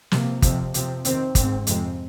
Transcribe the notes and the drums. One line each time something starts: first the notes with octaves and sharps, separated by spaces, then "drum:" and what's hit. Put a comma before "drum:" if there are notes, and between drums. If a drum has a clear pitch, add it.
C3 F3 A#3, drum: snare
F2 C3 F3 C4, drum: kick, hi-hat
C3 F3 C4, drum: hi-hat
C3 D#3 C4, drum: hi-hat
G#2 G#3 C4, drum: kick, hi-hat
F2 C3 G#3 C4, drum: hi-hat